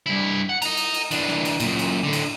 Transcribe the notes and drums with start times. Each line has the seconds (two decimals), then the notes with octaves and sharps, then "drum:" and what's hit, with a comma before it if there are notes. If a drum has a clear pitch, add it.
0.06 G2 E4
0.49 F#5
0.62 D#5 A#5, drum: cymbal
0.77 drum: cymbal
0.94 drum: cymbal
1.11 E3 D4, drum: cymbal
1.28 drum: snare
1.45 drum: cymbal
1.60 F#2 A#2, drum: cymbal
1.79 drum: cymbal
2.04 A2 D3
2.13 drum: cymbal